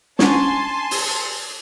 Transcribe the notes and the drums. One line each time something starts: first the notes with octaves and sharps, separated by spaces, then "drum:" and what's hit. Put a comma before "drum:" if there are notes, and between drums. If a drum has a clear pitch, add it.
C#4 D4 F#5 G#5 A5 C6, drum: snare
drum: open hi-hat